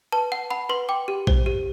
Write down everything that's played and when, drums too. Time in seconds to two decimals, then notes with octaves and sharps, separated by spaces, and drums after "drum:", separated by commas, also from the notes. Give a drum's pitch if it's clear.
0.12 B4 A5
0.32 F#5
0.50 F#5 B5
0.69 B4 C6
0.89 G5 D6
1.08 G4
1.27 C5, drum: kick A#1
1.46 G4